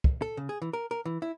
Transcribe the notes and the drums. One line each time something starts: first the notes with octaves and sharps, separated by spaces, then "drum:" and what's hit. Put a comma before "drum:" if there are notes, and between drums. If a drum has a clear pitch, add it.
drum: kick
A4
C#3
G#4
E3
A#4
A#4
E3
E4